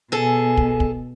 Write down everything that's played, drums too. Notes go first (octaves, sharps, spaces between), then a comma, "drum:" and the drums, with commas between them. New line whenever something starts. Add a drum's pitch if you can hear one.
B2 G#4 A4 G#5
drum: kick
drum: kick